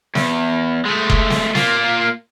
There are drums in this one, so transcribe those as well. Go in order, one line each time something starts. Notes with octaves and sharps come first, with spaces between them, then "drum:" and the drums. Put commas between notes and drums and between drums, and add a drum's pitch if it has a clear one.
E2, drum: snare
G#3 A3
drum: kick F1
drum: snare
A#3 F4, drum: snare